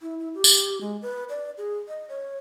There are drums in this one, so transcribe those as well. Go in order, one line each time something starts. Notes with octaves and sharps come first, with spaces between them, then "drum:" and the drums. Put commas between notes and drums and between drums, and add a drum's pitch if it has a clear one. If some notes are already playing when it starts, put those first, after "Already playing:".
E4
E4
G4
drum: tambourine
G#3
B4
D5
G#4
D#5
C#5